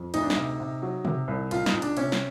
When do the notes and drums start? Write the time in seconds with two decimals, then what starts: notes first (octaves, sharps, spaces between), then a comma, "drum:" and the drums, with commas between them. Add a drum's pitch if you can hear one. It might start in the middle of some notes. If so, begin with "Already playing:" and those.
Already playing: F2
0.14 D2 D#4, drum: cymbal
0.22 D4
0.30 D#4, drum: snare
0.36 C3
0.60 C3
0.82 F#3
1.05 C3, drum: tom
1.28 C2
1.51 C#2 F4, drum: cymbal
1.66 D#4, drum: snare
1.74 C#2
1.82 D4, drum: cymbal
1.97 C3 C#4, drum: cymbal
2.12 drum: snare